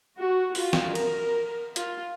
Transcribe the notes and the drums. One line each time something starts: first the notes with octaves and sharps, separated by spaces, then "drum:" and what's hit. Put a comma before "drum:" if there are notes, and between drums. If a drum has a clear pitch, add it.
F#4
F4, drum: open hi-hat
drum: snare
A#4, drum: cymbal
F4, drum: hi-hat